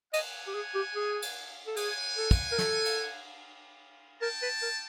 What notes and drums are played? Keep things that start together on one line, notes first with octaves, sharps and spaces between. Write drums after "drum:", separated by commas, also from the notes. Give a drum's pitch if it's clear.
D#5 F#5 G#5, drum: cymbal
G4
G#4
G4
G#4
drum: cymbal
A4
G#4 F#5 G#5, drum: cymbal
A4
drum: kick, cymbal
A#4
A4, drum: snare
drum: cymbal
A#4 G5 A5
B4
A#4